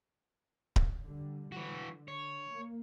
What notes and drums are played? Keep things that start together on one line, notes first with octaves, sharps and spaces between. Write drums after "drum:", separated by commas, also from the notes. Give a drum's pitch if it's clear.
drum: kick D1
D3 G3
D3 E3 F#4
C#5
A#3